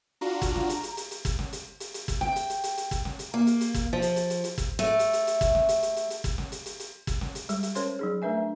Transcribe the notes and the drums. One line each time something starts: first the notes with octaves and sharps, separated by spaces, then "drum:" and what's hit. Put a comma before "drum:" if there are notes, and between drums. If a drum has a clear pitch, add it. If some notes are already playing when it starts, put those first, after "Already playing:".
D4 F4 F#4 A#5
drum: kick, hi-hat
drum: snare
drum: hi-hat
drum: hi-hat
drum: hi-hat
drum: hi-hat
drum: kick, hi-hat
drum: snare
drum: hi-hat
drum: hi-hat
drum: hi-hat
drum: kick, hi-hat
G5, drum: snare
drum: hi-hat
drum: hi-hat
drum: hi-hat
drum: hi-hat
drum: kick, hi-hat
drum: snare
drum: hi-hat
A#3
drum: hi-hat
drum: hi-hat
drum: kick, hi-hat
F3
drum: hi-hat
drum: hi-hat
drum: hi-hat
drum: hi-hat
drum: kick, hi-hat
A3
drum: hi-hat
drum: hi-hat
drum: hi-hat
drum: kick, hi-hat
drum: snare
drum: hi-hat
drum: hi-hat
drum: hi-hat
drum: hi-hat
drum: kick, hi-hat
drum: snare
drum: hi-hat
drum: hi-hat
drum: hi-hat
drum: kick, hi-hat
drum: snare
drum: hi-hat
G3 G#3, drum: hi-hat
drum: hi-hat
C#4 A#4 C5 C#5 C6, drum: hi-hat
F#3 D#4 G#4
A3 D4 A#4 B4 E5 G#5
D4